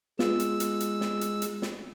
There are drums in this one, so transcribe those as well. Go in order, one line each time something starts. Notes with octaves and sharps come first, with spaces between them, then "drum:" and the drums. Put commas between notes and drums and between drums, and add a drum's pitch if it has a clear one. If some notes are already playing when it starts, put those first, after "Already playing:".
G#3 B3 F4 E6, drum: snare
drum: hi-hat
drum: hi-hat
drum: hi-hat
drum: snare
drum: hi-hat
drum: hi-hat
drum: snare